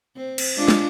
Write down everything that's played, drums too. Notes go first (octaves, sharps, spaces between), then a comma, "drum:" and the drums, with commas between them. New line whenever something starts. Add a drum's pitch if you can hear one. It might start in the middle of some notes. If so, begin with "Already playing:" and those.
C4
drum: cymbal
G#3 D4 F4
drum: snare